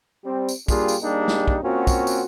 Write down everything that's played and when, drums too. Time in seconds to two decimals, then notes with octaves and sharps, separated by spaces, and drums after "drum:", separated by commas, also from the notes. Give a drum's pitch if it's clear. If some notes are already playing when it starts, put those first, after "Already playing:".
0.25 G3 C4
0.49 drum: tambourine
0.68 G3 A#3 D4 F4 G4 G#4, drum: kick, tambourine
0.88 drum: tambourine
1.02 G3 A#3 D4 D#4 G4 G#4
1.28 drum: snare
1.48 drum: kick
1.64 A#3 C4 C#4 F4 F#4
1.87 drum: kick, tambourine
2.07 drum: tambourine